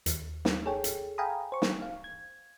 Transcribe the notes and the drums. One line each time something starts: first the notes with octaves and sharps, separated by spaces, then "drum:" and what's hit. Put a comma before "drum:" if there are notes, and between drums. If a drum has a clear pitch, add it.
D#2, drum: hi-hat
drum: snare
G#4 A4 C#5 G5
drum: hi-hat
F5 G5 G#5 A#5 B5 D#6
C5 C#6
drum: snare
F5
G#6